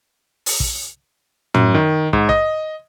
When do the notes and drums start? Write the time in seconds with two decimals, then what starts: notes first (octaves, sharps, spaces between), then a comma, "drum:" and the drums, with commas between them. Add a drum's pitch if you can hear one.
0.46 drum: open hi-hat
0.60 drum: kick
1.54 F#2, drum: tom
1.74 D#3
2.13 G#2, drum: kick
2.29 D#5, drum: kick